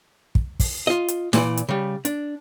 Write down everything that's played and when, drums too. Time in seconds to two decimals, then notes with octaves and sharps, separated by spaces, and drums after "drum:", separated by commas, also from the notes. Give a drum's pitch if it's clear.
0.35 drum: kick
0.60 drum: kick, open hi-hat
0.87 F4 D#5
1.08 drum: hi-hat
1.33 A#2 E3 D5, drum: snare
1.57 drum: hi-hat
1.69 C#3 G3
2.05 D4, drum: hi-hat